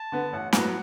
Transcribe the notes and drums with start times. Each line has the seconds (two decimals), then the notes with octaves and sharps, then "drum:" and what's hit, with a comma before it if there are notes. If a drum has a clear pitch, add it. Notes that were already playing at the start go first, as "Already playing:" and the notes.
Already playing: A5
0.12 D3 B3
0.33 A1 F#5
0.53 A2 F#3 B3 F#5, drum: snare